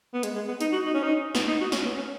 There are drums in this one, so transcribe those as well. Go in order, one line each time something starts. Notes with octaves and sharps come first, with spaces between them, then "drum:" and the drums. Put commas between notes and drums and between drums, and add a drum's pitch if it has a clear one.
B3
G#3, drum: hi-hat
G#3
B3
D#4, drum: hi-hat
F#4
D#4
C#4
D#4
B3, drum: snare
D#4
F#4
C#4, drum: snare
B3
C#4